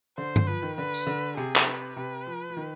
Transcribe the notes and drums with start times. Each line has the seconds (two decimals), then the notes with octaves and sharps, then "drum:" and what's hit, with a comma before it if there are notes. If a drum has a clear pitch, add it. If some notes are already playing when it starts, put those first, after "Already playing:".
0.18 D3 C5
0.36 drum: tom G2
0.47 F3 B4
0.62 D#3
0.77 D3 B4
0.94 drum: tambourine
1.07 D3
1.37 C3 G#4
1.56 drum: clap
1.66 B4
1.96 C3 B4
2.27 F3
2.50 F3
2.57 D#3